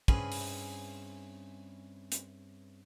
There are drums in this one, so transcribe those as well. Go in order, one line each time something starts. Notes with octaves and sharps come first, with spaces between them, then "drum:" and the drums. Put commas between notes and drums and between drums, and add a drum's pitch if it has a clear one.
G2 C4 C#4 E4 G#4 B4, drum: kick
drum: open hi-hat
drum: hi-hat